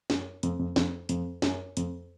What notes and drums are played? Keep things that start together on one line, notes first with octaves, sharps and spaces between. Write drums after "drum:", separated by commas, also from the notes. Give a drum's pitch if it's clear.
F#2, drum: snare
F2, drum: hi-hat
F2
F2, drum: snare
F2, drum: hi-hat
F#2, drum: snare
F2, drum: hi-hat